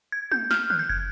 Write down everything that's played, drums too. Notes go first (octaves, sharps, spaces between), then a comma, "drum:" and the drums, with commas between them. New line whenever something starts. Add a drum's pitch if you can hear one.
G#6
G6, drum: tom
F6, drum: snare
F#6, drum: tom
G6
G#6, drum: kick